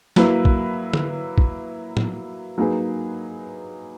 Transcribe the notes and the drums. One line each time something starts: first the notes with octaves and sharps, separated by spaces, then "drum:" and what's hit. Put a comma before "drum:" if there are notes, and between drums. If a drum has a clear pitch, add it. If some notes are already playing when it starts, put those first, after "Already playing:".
F#3 A#3 E4 B4, drum: snare
drum: kick
drum: tom
drum: kick
drum: tom A2
F#3 A#3 D#4 G#4 B4